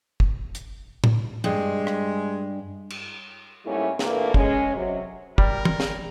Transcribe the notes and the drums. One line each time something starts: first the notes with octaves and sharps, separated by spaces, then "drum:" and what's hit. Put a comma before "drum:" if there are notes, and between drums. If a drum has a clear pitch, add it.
drum: kick
drum: hi-hat
drum: tom
G2 G#3
drum: rim click
drum: cymbal
G#2 G3 A3 A#3 C#4 E4
A#2 D3 E3 A3 A#3, drum: snare
G#3 C#4, drum: kick
C3 F#3
G3 A#4, drum: kick
drum: tom
drum: snare